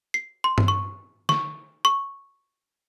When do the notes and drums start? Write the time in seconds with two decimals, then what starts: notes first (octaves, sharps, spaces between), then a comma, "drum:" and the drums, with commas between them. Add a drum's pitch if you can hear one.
0.14 C7
0.44 C6
0.58 drum: tom G2
0.68 C#6
1.29 C#6, drum: snare
1.85 C#6